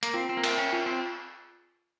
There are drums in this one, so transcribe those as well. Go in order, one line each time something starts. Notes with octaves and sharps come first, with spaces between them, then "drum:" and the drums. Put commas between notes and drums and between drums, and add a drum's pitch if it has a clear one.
A#3, drum: hi-hat
C4 F4
C4
A#3
C4 A#4 E5 G5, drum: cymbal
C#4
C#4 F4
C4